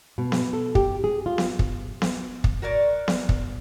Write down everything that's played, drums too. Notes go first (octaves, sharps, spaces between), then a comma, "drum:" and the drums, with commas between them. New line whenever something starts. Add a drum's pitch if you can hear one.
B2
drum: snare B3
A4
G4, drum: kick
G#4
F4
drum: snare B3
drum: kick
drum: snare B3
drum: kick
F#4 A#4 C#5 D5
drum: snare B3
drum: kick